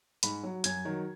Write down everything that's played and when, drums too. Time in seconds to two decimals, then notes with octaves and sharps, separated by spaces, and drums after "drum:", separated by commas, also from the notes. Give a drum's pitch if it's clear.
0.23 G#2 B5, drum: hi-hat
0.43 F#3
0.64 F#2 G#6, drum: hi-hat
0.85 D#3 F#3